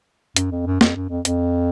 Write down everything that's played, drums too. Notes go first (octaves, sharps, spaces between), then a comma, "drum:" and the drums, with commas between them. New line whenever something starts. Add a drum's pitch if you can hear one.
F#2, drum: hi-hat
F2
F#2
F2, drum: snare
F#2
F2
F2, drum: hi-hat